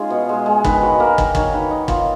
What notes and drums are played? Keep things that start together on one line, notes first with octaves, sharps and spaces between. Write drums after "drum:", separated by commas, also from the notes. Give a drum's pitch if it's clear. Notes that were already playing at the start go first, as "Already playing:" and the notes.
Already playing: G#3 C#4 D#4 F4 G#4
B2
G#3
G#3
D#3 B4, drum: kick
F#3
A#3 A#4
D#3, drum: kick
D#3 C#5, drum: kick
D#3 B4
D#3 D#4
A#3 F4, drum: kick